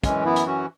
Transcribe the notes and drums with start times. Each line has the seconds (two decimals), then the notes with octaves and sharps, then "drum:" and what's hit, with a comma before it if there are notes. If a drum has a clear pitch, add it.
0.04 F#2 E3 G#3 C#4, drum: kick, hi-hat
0.25 B3 E4
0.36 drum: hi-hat
0.47 C#4 F#4